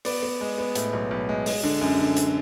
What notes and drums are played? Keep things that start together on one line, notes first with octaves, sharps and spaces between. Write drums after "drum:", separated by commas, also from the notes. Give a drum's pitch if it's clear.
B3 D5, drum: open hi-hat
B3
G#3
B3
A2, drum: hi-hat
B1
B1
G#3
G#3, drum: open hi-hat
D3
F#2
D3
drum: hi-hat